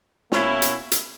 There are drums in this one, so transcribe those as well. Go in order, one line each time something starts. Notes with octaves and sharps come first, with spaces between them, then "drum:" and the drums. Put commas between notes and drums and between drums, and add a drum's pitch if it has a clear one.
B2 A#3 C#4 E4, drum: snare
drum: hi-hat
drum: hi-hat